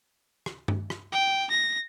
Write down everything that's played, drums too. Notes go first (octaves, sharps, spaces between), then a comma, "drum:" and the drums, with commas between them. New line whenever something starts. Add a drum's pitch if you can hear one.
drum: rim click
drum: tom G2
drum: rim click
G5
A#6